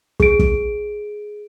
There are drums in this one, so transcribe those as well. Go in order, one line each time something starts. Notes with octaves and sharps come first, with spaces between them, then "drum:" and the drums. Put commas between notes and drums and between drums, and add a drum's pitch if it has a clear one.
G#4 D7, drum: kick
drum: kick